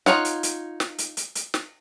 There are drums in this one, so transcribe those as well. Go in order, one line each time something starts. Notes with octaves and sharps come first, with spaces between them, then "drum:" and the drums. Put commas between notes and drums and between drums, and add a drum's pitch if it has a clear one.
D#4 F4 C#5 F#5, drum: snare
drum: hi-hat
drum: hi-hat
drum: snare
drum: hi-hat
drum: hi-hat
drum: hi-hat
drum: snare